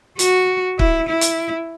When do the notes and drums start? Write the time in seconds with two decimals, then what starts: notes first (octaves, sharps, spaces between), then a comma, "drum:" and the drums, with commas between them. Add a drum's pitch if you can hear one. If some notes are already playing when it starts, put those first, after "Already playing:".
0.19 F#4, drum: hi-hat
0.79 E4, drum: kick
1.09 E4
1.21 drum: hi-hat